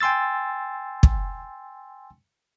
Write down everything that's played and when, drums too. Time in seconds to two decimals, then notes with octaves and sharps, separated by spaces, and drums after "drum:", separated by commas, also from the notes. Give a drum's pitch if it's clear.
0.01 G5 G#5 C6 E6 A6
1.03 drum: kick